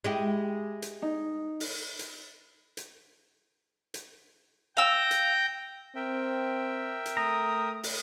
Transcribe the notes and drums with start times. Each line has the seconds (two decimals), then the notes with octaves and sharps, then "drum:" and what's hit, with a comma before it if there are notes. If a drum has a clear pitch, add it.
0.04 G#3 E4 G4
0.82 drum: hi-hat
1.02 D#4
1.60 drum: open hi-hat
1.99 drum: hi-hat
2.77 drum: hi-hat
3.94 drum: hi-hat
4.77 F5 G5 E6 G6 A#6
5.11 drum: hi-hat
5.96 C4 A#4 E5 G5
7.06 drum: hi-hat
7.17 A3 A#5 D#6
7.83 drum: open hi-hat